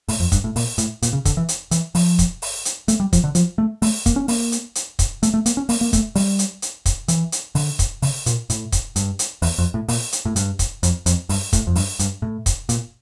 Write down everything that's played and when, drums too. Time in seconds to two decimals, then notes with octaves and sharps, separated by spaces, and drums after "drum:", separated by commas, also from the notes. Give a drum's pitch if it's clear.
0.08 A2, drum: open hi-hat
0.20 F2
0.32 G2, drum: kick, hi-hat
0.44 A2
0.56 A#2, drum: open hi-hat
0.78 A2, drum: hi-hat
1.02 A#2, drum: hi-hat
1.13 C#3
1.25 D3, drum: kick, hi-hat
1.37 E3
1.49 drum: hi-hat
1.71 E3, drum: hi-hat
1.95 F3, drum: open hi-hat
2.19 drum: kick, hi-hat
2.42 drum: open hi-hat
2.65 drum: hi-hat
2.88 A3, drum: hi-hat
3.00 G3
3.13 F3, drum: kick, hi-hat
3.24 D3
3.35 F3, drum: hi-hat
3.58 A3
3.82 A3, drum: open hi-hat
4.06 A#3, drum: kick, hi-hat
4.16 C#4
4.28 A#3, drum: open hi-hat
4.52 drum: hi-hat
4.75 drum: hi-hat
4.99 drum: kick, hi-hat
5.23 A3, drum: hi-hat
5.34 A3
5.46 A#3, drum: hi-hat
5.57 C#4
5.69 A#3, drum: open hi-hat
5.81 A#3
5.93 A3, drum: kick, hi-hat
6.15 G3, drum: open hi-hat
6.39 drum: hi-hat
6.62 drum: hi-hat
6.86 drum: kick, hi-hat
7.08 E3, drum: hi-hat
7.32 drum: hi-hat
7.55 D3, drum: open hi-hat
7.79 drum: kick, hi-hat
8.02 C#3, drum: open hi-hat
8.26 A#2, drum: hi-hat
8.50 A2, drum: hi-hat
8.72 drum: kick, hi-hat
8.96 G2, drum: hi-hat
9.19 drum: hi-hat
9.42 E2, drum: open hi-hat
9.58 F2
9.74 A2
9.88 A#2, drum: open hi-hat
10.12 drum: hi-hat
10.25 A2
10.36 G2, drum: hi-hat
10.59 drum: kick, hi-hat
10.83 F2, drum: hi-hat
11.06 F2, drum: hi-hat
11.29 G2, drum: open hi-hat
11.53 A2, drum: kick, hi-hat
11.67 F2
11.76 G2, drum: open hi-hat
11.99 G2, drum: hi-hat
12.22 A2
12.46 drum: kick, hi-hat
12.69 A#2, drum: hi-hat